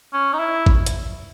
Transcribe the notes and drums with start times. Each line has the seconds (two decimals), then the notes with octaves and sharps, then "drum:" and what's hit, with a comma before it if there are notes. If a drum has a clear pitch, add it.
0.13 C#4
0.33 D#4
0.39 E4
0.66 drum: kick G#1
0.86 drum: hi-hat